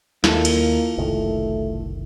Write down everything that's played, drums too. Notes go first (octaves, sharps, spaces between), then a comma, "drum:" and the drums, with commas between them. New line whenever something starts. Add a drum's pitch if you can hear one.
D#2 A#3 E4 F4 A4, drum: snare
drum: cymbal
F#1 C2 D#3 A3